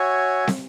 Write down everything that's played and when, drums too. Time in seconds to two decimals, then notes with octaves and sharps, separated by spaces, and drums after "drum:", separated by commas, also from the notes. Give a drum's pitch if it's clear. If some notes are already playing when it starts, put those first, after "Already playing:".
Already playing: F#4 C#5 E5 G#5
0.47 drum: snare